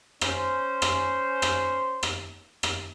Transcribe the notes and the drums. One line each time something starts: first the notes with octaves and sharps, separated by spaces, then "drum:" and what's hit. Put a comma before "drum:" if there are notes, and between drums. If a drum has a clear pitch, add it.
C#4 C5, drum: rim click
drum: rim click
drum: rim click
drum: rim click
drum: rim click